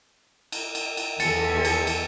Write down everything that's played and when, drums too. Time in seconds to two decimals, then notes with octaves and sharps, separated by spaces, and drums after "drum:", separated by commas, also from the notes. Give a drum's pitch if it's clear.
0.52 drum: cymbal
0.75 drum: cymbal
0.97 drum: cymbal
1.20 E2 A4 G#5 A6 C#7, drum: cymbal
1.65 drum: cymbal
1.87 drum: cymbal